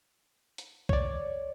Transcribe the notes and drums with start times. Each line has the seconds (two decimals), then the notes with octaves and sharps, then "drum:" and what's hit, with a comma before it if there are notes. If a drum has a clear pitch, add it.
0.58 drum: hi-hat
0.89 C#5 D5, drum: kick B1